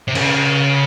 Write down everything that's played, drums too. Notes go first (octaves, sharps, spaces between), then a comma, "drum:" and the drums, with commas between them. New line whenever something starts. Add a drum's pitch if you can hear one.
C3
C#3, drum: cymbal